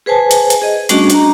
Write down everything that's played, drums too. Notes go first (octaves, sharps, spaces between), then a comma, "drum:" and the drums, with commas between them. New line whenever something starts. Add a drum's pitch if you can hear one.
G#4 B4 C5 G#5 A5
drum: hi-hat
drum: hi-hat
G#4 D#5
G3 A3 C#4 D4 F#4 D#5, drum: hi-hat
D4 A#5, drum: hi-hat